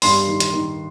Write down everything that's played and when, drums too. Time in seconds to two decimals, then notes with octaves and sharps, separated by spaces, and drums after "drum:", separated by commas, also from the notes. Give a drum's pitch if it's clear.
0.02 G2 C6, drum: open hi-hat
0.27 D#3
0.40 drum: hi-hat
0.53 D#3